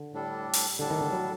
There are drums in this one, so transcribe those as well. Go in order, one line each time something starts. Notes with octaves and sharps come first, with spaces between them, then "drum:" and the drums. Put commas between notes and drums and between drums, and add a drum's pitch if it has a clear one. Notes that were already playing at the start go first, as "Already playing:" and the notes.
Already playing: D3
A2 G3 D4 A4
drum: open hi-hat
A2 D3 G3 D4 A4
D#3
D3
F#3